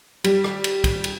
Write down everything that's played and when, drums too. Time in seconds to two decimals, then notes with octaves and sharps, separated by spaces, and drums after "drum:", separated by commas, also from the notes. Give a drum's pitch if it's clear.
0.24 G3, drum: cymbal
0.44 drum: rim click
0.64 drum: cymbal
0.84 drum: kick, cymbal
1.04 drum: cymbal